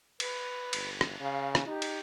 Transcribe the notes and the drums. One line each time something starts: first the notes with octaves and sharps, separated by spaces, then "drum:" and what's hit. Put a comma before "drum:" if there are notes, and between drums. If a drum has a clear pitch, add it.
B4, drum: cymbal
G1, drum: cymbal
drum: rim click
C#3 F5
drum: rim click
D#4 G4
drum: cymbal